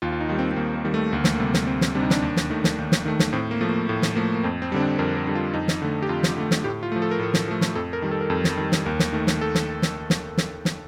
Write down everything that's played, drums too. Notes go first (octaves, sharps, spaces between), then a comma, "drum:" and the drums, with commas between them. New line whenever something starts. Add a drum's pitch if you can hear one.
D#2 F4
F4
D#4
D#3 G3
C4
C4
D#2 A#3
A#3
D#3 G3
A3
D2 A#3
A3, drum: snare
C3 G3 A#3
drum: snare
D2 C4
drum: snare
C3 G3 D4
D#4
D4, drum: snare
D#2
drum: snare
D#3 A3
drum: snare
D#2
drum: snare
D#3 A3
drum: snare
A2 C4
A#3
F3 A3
A#3
A2 A#3
drum: snare
F3 A3 A#3
A#3
F2 C4
C4
D3 G3 C4
D4
F2 A#4
A#4
D3 G3
F4
F2 D#4
drum: snare
D3 A3
G4
F2 F4
drum: snare
D3 A3
drum: snare
A2 G4
F4
F3 A3
A4
A#4
A2 A4
drum: snare
F3 A3
drum: snare
F2 A4
A#4
D#3 G3
A4
A#4
F2 A4
drum: snare
D#3 G3
drum: snare
D#2 A#4
drum: snare
D#3 A3
drum: snare
A4
drum: snare
drum: snare
drum: snare
drum: snare
drum: snare